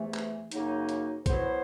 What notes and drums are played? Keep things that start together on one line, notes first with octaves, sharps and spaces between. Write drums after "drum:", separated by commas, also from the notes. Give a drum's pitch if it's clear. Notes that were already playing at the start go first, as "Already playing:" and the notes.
Already playing: E2 C3 E3 A3
drum: clap
F#2 C#3 F#3 A#3 D#4, drum: hi-hat
drum: hi-hat
F#3 B3 E4 A4 C5, drum: kick B1, hi-hat